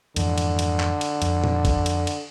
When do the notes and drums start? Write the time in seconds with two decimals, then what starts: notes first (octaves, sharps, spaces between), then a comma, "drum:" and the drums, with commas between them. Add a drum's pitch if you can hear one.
0.16 F2 G#2 D3 E3, drum: cymbal
0.38 drum: cymbal
0.59 drum: cymbal
0.80 drum: clap
1.01 drum: cymbal
1.22 F2, drum: cymbal
1.44 drum: tom A#2
1.65 drum: kick, cymbal
1.86 drum: cymbal
2.07 drum: cymbal